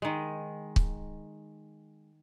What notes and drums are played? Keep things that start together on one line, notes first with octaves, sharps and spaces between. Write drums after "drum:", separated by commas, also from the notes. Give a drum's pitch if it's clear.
D#3 G#3
drum: kick C#1